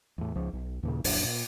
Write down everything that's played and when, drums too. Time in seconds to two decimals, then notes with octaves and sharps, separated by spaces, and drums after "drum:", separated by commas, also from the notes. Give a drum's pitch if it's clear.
0.18 E2 A2
0.35 C#2 F3
0.53 B1
0.83 D#2 A#2 C#3
1.04 D1 A#1 F#2 D4, drum: open hi-hat
1.24 A#2